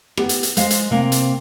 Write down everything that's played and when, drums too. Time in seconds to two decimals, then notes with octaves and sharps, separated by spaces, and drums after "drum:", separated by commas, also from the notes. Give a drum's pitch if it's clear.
0.17 B3 G4, drum: rim click
0.29 drum: hi-hat
0.43 drum: hi-hat
0.57 G#3 C5 F5, drum: hi-hat
0.70 drum: hi-hat
0.91 C3 A#3 C4
1.12 drum: hi-hat